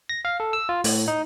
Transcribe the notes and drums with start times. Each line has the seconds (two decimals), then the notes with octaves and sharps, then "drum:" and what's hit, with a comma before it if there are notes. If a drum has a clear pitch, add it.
0.09 A#6
0.25 F5
0.40 A4
0.53 E6
0.69 F4
0.84 A2, drum: open hi-hat
1.08 D#4